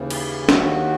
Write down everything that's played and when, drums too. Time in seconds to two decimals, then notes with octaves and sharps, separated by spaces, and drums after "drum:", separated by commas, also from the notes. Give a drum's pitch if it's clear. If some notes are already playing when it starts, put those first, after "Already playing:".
Already playing: D#2 C#3 E3
0.10 drum: cymbal
0.49 D#2 D#3 F#4, drum: snare